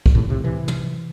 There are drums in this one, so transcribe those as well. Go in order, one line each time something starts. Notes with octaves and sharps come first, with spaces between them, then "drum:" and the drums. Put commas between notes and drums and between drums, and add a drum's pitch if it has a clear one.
drum: kick
A2 C3
A2 C3
C3 E3
drum: tom